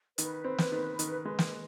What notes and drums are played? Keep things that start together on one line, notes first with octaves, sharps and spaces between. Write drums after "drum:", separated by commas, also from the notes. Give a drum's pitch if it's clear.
D#3 B4, drum: hi-hat
C4
drum: snare
D#3
D#3, drum: hi-hat
G#3
drum: snare